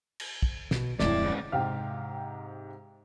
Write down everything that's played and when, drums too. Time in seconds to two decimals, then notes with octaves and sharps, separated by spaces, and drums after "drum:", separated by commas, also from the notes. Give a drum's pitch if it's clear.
0.20 drum: cymbal
0.43 drum: kick
0.71 B2, drum: snare
1.00 D1 F2 G#3 A3 E4 D5, drum: snare
1.23 G#2 C#3
1.52 G#2 C3 C4 G4 F5 F6